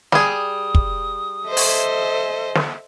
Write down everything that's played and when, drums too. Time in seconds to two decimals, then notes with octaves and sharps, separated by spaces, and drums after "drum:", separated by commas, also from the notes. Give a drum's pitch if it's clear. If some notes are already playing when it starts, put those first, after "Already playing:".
0.12 G3 G#4 D#6, drum: snare
0.75 drum: kick
1.48 A4 C5 D#5 E5
1.57 drum: open hi-hat
2.55 drum: snare